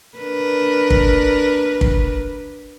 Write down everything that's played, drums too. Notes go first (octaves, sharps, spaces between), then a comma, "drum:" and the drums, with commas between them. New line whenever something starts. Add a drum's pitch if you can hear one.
D4 A#4 B4
drum: kick
drum: kick